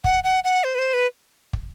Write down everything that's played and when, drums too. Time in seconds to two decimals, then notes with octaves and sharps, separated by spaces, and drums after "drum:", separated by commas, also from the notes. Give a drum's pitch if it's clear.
0.04 F#5, drum: kick
0.24 F#5
0.44 F#5
0.64 C5
0.75 B4
0.79 C5
0.94 B4
1.53 drum: kick